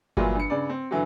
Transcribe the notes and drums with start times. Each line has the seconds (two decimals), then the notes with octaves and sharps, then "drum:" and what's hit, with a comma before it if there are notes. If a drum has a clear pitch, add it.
0.17 A#2 E3 F#3 G3 F4, drum: kick G1
0.35 G2 C#7
0.50 G2 C#3 D5
0.69 C4
0.91 G2 D3 E3 F#3